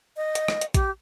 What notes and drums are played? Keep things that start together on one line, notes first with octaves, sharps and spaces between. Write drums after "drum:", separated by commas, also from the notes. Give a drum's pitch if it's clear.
D#5
drum: hi-hat
drum: rim click
drum: hi-hat
G4, drum: kick A#1, hi-hat